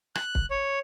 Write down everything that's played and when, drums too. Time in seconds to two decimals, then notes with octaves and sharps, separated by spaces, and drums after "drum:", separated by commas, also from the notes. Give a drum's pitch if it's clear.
0.15 F#6, drum: rim click
0.35 drum: kick
0.51 C#5